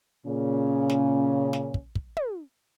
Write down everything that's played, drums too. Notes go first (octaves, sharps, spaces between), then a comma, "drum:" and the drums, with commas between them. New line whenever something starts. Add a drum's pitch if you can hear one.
A#2 C#3 C#4
drum: snare
drum: snare
drum: kick
drum: kick
drum: tom